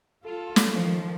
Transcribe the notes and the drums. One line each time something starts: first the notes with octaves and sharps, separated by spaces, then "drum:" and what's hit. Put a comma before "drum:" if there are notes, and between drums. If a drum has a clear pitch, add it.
F4 A4
drum: snare
D#3 F3